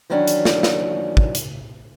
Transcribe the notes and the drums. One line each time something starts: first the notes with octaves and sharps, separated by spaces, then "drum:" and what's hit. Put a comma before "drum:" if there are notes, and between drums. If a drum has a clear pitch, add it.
D#3 E3 F#3 C#4 D4
drum: hi-hat
drum: snare
drum: snare
drum: kick
drum: hi-hat